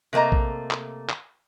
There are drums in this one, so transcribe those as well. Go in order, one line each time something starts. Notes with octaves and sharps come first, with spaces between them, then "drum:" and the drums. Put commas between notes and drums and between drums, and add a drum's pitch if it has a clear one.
C3 A3 A#3 D#5 A#5
drum: kick A#1
drum: clap
drum: clap